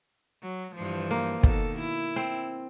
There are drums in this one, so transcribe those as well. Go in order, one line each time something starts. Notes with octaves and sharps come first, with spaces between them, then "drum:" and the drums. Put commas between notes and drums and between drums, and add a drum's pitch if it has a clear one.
F#3
G2 E3 F3
A#3
B2 D#3 A4, drum: kick
E4
C4